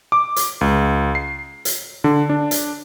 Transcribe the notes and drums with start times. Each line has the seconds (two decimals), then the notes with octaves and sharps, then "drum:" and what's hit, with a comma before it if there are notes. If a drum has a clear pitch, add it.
0.12 D6
0.36 drum: hi-hat
0.61 C#2
1.15 C7
1.65 drum: hi-hat
2.04 D3
2.30 D4
2.51 drum: hi-hat